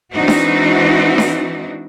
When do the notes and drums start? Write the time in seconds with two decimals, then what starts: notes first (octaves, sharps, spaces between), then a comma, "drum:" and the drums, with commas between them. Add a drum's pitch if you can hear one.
0.13 E3 G#3 C4 D4 D#4 F#4
0.28 drum: snare D4
1.18 drum: snare D4